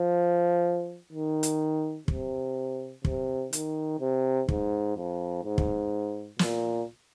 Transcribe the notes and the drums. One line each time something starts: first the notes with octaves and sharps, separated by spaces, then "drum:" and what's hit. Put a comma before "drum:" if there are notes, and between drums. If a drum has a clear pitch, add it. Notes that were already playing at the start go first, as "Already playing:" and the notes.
Already playing: F3
D#3
drum: hi-hat
C3, drum: kick
C3, drum: kick
D#3, drum: hi-hat
C3
G#2, drum: kick
F2
G#2
drum: kick
A#2, drum: snare